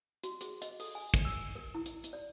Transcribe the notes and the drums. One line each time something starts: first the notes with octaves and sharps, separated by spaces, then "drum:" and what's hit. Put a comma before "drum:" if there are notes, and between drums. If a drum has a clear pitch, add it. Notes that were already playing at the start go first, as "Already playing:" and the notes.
F#4, drum: hi-hat
G#4, drum: hi-hat
D#5, drum: hi-hat
A4, drum: open hi-hat
G#5
drum: kick, hi-hat
E6
A#4
E4
drum: hi-hat
drum: hi-hat
D5